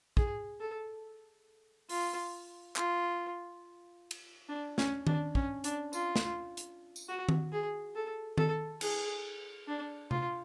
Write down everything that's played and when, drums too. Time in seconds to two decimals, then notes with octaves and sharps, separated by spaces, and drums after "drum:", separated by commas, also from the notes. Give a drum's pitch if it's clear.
0.17 G#4, drum: kick
0.60 A4
1.89 F4, drum: open hi-hat
2.76 F4, drum: clap
4.11 drum: cymbal
4.48 D4
4.78 C#4, drum: snare
5.07 D4, drum: tom D#3
5.35 C#4, drum: kick
5.64 D4, drum: hi-hat
5.93 F4, drum: tambourine
6.16 drum: snare
6.57 drum: hi-hat
6.96 drum: tambourine
7.08 F#4
7.29 drum: tom D#3
7.52 G#4
7.95 A4
8.38 A4, drum: tom D#3
8.81 G#4, drum: cymbal
9.68 D4
10.11 F4, drum: tom C3